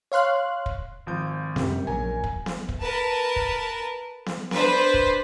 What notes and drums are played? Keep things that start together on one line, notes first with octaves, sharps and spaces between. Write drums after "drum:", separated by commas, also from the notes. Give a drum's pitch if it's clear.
C#5 F5 C6 F#6
drum: kick
G#1 F3 G6
F#2 C3 G3 B3, drum: snare B3
A#1 F#3 A#4 G#5
drum: kick
drum: snare B3
drum: kick
A#4 B4 A5
drum: kick
drum: snare B3
D4 B4 C5, drum: snare B3
drum: kick